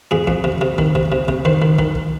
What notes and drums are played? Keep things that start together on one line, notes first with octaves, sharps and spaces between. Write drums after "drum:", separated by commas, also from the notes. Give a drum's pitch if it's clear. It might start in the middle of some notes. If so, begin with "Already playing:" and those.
F2 G#4
F2, drum: kick
C3
C3
D#3, drum: kick
C3, drum: kick
C3
C3, drum: kick
D#3 C5
D#3
D#3, drum: kick
drum: kick